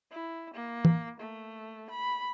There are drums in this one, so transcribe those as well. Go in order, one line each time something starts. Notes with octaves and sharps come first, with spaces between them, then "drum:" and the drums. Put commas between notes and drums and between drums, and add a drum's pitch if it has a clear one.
E4
A#3
drum: tom
A3
B5